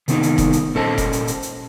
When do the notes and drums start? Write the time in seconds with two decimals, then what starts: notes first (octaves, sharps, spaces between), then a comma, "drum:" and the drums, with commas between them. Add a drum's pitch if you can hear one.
0.08 C3 D#3 B3 C4 D#4, drum: hi-hat
0.23 drum: hi-hat
0.38 drum: kick F1, hi-hat
0.53 drum: hi-hat
0.75 A#2 C#4 A4 C5 D#5 A5
0.98 drum: kick F1, hi-hat
1.13 drum: hi-hat
1.27 drum: hi-hat
1.42 drum: hi-hat